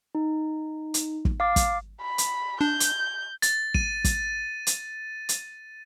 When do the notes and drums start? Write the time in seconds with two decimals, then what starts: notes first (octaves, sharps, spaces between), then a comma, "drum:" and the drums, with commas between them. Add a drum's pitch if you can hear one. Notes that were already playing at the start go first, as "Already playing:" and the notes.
0.15 D#4
0.94 drum: hi-hat
1.25 drum: kick
1.40 F5 D6 A6
1.56 drum: kick, hi-hat
2.01 B5
2.18 drum: hi-hat
2.61 D4 G6
2.80 drum: hi-hat
3.42 A6, drum: hi-hat
3.74 D#7, drum: kick
4.04 drum: kick, hi-hat
4.67 drum: hi-hat
5.29 drum: hi-hat